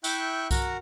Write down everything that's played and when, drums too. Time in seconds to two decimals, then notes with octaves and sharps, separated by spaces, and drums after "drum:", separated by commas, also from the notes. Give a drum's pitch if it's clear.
0.04 E4 E5 G5 C#6 F#6 G6, drum: tambourine
0.51 F#4 A#4 F#5 A#5, drum: kick C2, tambourine